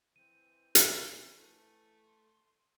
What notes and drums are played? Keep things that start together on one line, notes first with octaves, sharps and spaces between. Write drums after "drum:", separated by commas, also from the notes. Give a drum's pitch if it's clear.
E3 C4 D#7
drum: hi-hat
A3
C6